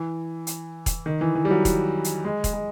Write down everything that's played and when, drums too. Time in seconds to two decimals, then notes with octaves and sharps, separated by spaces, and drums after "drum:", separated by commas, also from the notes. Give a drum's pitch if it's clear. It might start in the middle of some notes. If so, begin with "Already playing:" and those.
Already playing: E3
0.47 drum: hi-hat
0.86 drum: kick E1, hi-hat
1.06 D#3
1.21 E3
1.35 E3
1.45 G3
1.51 F#3
1.65 drum: kick E1, hi-hat
2.04 drum: hi-hat
2.24 G#3
2.44 drum: kick E1, hi-hat
2.53 G#3